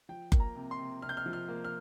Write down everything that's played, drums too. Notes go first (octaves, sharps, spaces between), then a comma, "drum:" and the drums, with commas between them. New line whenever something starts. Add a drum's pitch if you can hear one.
F3 G5
A#3, drum: kick F#1
A#5
C3
C6
C3
C3 F6
G6
F6
F3
F6
A#3
F6